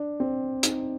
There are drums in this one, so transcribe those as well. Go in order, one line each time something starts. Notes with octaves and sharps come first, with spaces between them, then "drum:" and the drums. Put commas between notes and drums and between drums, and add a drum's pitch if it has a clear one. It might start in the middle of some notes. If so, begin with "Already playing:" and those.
Already playing: D4
C4
D#4, drum: hi-hat